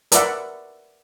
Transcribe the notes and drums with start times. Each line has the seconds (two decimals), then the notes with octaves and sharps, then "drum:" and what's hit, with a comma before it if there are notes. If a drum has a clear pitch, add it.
0.12 A#4 B4 D5 E5 F#5, drum: hi-hat